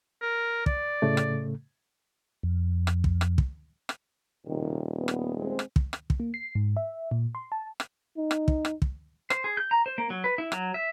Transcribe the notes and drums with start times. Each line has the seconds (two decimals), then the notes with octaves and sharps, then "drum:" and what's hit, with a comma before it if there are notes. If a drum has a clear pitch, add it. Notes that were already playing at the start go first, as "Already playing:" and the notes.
0.22 A#4
0.66 D5, drum: kick
1.02 A2 C#3 A3
1.17 drum: rim click
2.43 F2
2.87 drum: rim click
3.04 drum: kick
3.21 drum: rim click
3.38 drum: kick
3.89 drum: rim click
4.46 D#1 A2 C3 D#3
4.97 B3
5.08 drum: rim click
5.37 G#3 C4
5.59 drum: rim click
5.76 drum: kick
5.93 drum: rim click
6.10 drum: kick
6.20 A#3
6.34 C7
6.55 G#2
6.77 E5
7.11 A#2
7.35 C6
7.52 A5
7.80 drum: rim click
8.17 D#4
8.31 drum: rim click
8.48 drum: kick
8.65 drum: rim click
8.82 drum: kick
9.30 C5, drum: rim click
9.44 G#4
9.57 G6
9.71 A#5
9.86 C5
9.98 A#3
10.10 F#3
10.24 B4
10.38 E4
10.52 F#3, drum: rim click
10.74 E5